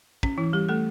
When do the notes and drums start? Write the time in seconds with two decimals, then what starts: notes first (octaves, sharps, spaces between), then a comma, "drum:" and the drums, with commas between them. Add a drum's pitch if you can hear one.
0.23 C#4, drum: kick
0.38 E3 E4
0.53 G3 G4
0.69 A3 A4